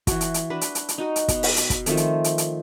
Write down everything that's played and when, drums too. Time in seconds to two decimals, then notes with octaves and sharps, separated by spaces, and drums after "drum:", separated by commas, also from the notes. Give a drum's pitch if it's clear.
0.07 E3 F#4, drum: kick, hi-hat
0.21 drum: hi-hat
0.34 drum: hi-hat
0.50 D4 F#4 B4
0.61 drum: hi-hat
0.75 drum: hi-hat
0.89 drum: hi-hat
0.98 D#4 F#4 D#5
1.16 drum: hi-hat
1.28 B2, drum: kick, hi-hat
1.43 drum: open hi-hat
1.56 drum: hi-hat
1.70 drum: kick, hi-hat
1.86 D#3 F3 A3 C4, drum: hi-hat
1.97 drum: hi-hat
2.24 drum: hi-hat
2.38 drum: hi-hat